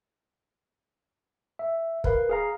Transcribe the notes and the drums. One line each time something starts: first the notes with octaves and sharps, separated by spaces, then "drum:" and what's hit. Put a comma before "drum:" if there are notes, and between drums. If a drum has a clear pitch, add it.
E5
A#4 B4 F5, drum: kick
G#4 F5 A#5